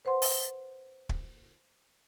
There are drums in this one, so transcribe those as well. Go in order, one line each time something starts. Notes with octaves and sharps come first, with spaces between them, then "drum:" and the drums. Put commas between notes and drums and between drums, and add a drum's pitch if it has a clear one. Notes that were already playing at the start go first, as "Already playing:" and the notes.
B4 C5 F#5 C6
drum: open hi-hat
drum: kick